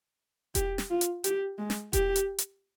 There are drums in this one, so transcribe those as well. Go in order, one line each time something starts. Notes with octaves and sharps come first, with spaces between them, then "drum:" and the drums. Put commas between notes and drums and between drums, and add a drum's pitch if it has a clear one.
G4, drum: kick E1, hi-hat
drum: snare
F4
drum: hi-hat
G4, drum: hi-hat
G#3
drum: snare
G4, drum: kick E1, hi-hat
drum: hi-hat
drum: hi-hat